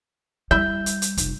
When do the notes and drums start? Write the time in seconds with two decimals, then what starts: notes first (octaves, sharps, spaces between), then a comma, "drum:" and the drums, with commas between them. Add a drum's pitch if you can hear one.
0.51 G3 E4 E5 G6
0.86 drum: hi-hat
1.02 drum: hi-hat
1.17 F1, drum: hi-hat